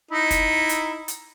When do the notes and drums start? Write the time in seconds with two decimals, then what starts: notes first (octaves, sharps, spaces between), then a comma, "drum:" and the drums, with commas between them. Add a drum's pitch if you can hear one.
0.11 D#4 E4
0.31 drum: kick, hi-hat
0.69 drum: hi-hat
1.08 drum: hi-hat